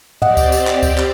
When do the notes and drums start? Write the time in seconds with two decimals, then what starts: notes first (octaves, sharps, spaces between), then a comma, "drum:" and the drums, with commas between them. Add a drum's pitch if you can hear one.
0.22 C4 G4 D5 D#5 F#5, drum: tom
0.37 drum: kick C#2, tambourine
0.52 drum: tambourine
0.67 drum: clap
0.83 drum: kick C#2, tambourine
0.98 drum: clap